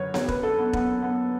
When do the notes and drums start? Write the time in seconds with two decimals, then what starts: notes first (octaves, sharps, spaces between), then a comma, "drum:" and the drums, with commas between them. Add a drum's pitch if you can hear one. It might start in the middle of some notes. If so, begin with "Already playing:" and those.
Already playing: F#2 D3 B4 C#5
0.14 C#5, drum: snare B3
0.28 B4, drum: kick E1
0.43 A4
0.58 B3
0.73 B3, drum: kick E1
1.02 B3